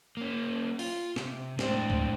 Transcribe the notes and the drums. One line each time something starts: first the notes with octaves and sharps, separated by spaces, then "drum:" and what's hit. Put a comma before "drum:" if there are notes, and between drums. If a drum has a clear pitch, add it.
A#3 C#4
F4, drum: open hi-hat
C3, drum: snare
A2 G#3 A3 C4 D4, drum: snare
drum: kick C#2